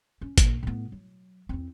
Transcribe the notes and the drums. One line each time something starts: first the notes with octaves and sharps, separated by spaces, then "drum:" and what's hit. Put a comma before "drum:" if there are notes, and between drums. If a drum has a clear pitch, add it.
C#4
A#1 A#2, drum: kick G#1, hi-hat
A2 B3
F#3
E2 C4